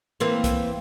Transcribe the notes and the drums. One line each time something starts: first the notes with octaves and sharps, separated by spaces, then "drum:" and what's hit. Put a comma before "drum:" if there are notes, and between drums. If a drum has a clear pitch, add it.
E3 A#3 C4
drum: kick C2, hi-hat